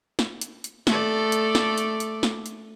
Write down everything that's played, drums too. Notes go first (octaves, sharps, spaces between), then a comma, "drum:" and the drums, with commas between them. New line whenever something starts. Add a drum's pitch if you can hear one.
drum: snare
drum: hi-hat
drum: hi-hat
A3 A4 D5, drum: snare
drum: hi-hat
drum: snare
drum: hi-hat
drum: hi-hat
drum: snare
drum: hi-hat